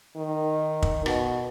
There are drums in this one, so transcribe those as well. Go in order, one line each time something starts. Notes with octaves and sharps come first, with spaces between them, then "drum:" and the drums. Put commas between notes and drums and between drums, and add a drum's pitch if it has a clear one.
D#3
drum: kick
B2, drum: rim click